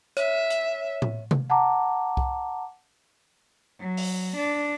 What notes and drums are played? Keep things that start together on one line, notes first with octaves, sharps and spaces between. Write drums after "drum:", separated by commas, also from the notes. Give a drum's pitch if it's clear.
C#5 E5, drum: hi-hat
drum: hi-hat
drum: tom A2
drum: tom C3
F#5 A5 A#5 D6
drum: kick C2
F#3
drum: open hi-hat
D4